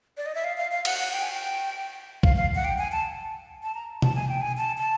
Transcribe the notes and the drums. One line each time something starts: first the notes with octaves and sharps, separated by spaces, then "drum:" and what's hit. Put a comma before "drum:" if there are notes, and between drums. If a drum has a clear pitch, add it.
D5
D#5
E5
F5
F5
F5
F#5, drum: cymbal
F#5
G5
G#5
G5
F5, drum: kick
F5
F#5
G5
G#5
A5
A5
A#5
A5, drum: tom B2
G#5
G5
G#5
A5
A5